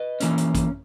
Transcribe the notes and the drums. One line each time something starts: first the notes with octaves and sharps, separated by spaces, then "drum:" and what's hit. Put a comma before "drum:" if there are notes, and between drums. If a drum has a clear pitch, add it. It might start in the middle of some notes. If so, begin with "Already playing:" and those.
Already playing: B4 D#5
E3 A#3 C#4, drum: hi-hat
drum: hi-hat
drum: kick, hi-hat